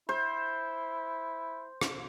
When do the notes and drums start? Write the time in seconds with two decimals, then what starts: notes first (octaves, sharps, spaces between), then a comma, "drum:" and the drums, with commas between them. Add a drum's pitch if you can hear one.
0.09 E4 C5
1.81 drum: rim click